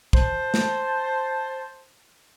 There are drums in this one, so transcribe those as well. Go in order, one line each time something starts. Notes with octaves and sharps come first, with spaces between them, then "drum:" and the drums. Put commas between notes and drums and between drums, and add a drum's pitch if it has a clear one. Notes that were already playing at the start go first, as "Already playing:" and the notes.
C5 A5, drum: kick
drum: snare